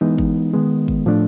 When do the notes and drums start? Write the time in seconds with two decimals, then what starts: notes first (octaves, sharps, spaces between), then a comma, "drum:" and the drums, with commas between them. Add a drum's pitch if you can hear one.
0.01 E3 G#3 B3 D#4
0.18 drum: kick
0.53 D#3 G#3 B3
0.88 drum: kick
1.06 A2 F3 A3 D4